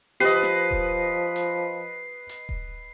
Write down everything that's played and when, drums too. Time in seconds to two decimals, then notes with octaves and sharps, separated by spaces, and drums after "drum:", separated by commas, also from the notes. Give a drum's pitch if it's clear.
0.20 F3 G4 B4 D#5 C7
0.43 drum: snare
0.71 drum: kick D#1
1.36 drum: hi-hat
2.29 drum: hi-hat
2.49 drum: kick D#1